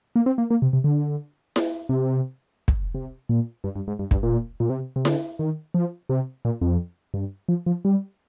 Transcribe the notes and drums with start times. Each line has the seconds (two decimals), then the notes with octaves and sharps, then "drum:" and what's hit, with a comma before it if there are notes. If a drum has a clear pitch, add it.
0.16 A#3
0.26 C4
0.38 A#3
0.50 A#3
0.62 C3
0.73 C3
0.84 D3
1.56 drum: snare E4
1.89 C3
2.68 drum: kick
2.95 C3
3.29 A#2
3.64 G2
3.76 G2
3.88 G#2
3.99 G2
4.11 G2, drum: kick
4.23 A#2
4.60 A#2
4.70 C3
4.96 C3
5.05 D3, drum: snare E4
5.39 D#3
5.74 F3
6.09 C3
6.45 A#2
6.61 F2
7.14 G2
7.49 F3
7.66 F3
7.85 G3